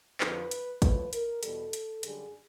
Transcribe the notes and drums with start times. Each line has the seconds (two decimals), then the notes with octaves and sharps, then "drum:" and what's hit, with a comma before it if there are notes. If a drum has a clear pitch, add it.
0.21 F2 D3 F3 B4, drum: clap
0.51 drum: hi-hat
0.82 A2 F3 B4, drum: kick, hi-hat
1.13 A#4, drum: hi-hat
1.43 E2 B2 G3 A4, drum: hi-hat
1.73 drum: hi-hat
2.03 F#2 D3 G3 G#4, drum: hi-hat